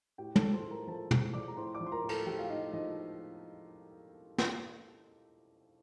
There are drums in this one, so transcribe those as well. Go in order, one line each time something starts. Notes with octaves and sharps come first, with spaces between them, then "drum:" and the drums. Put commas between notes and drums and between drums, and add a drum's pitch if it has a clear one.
A2 G4 G5
A4 A5, drum: tom
F3
C5 C6
A2
A#4 A#5
F3 A4 A5
A2, drum: tom
F3 D5 D6
A#5
A2 C5 C6
D5 D6
F3
C6
A#4 A#5
A2
A4 A5, drum: cymbal
F3 G4 G5
F5
A2 D#4 D#5
F3 D#4 D#5
drum: snare